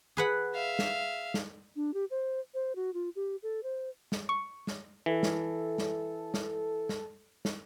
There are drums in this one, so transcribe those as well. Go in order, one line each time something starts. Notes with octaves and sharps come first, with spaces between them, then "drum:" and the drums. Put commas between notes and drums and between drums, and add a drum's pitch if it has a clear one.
G#4 B4 F#5
E5 F5
drum: snare
drum: snare
D4
G4
C5
C5
F#4
F4
G4
A4
C5
drum: snare
C#6
drum: snare
E3 A4
drum: snare
drum: snare
drum: snare
drum: snare
drum: snare